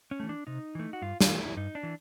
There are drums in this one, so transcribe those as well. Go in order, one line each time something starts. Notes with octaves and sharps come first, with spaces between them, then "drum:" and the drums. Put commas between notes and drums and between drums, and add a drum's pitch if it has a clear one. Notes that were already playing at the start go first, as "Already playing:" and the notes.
C#4
E3 A3
D4
C3 D#4
E3 A3
F#4
G2 F4
F4, drum: snare
E3 A3
E4
G2 D#4
D4
E3